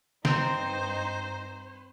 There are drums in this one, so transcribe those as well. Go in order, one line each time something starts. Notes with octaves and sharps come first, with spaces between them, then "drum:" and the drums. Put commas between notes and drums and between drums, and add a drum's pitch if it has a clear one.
G2 C4 D#4 C5, drum: snare